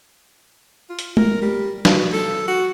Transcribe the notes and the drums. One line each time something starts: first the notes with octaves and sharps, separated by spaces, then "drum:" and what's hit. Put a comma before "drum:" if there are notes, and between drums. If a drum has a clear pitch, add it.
F4
drum: hi-hat
A#4, drum: tom G#3
G3
B2, drum: snare
A4
F#4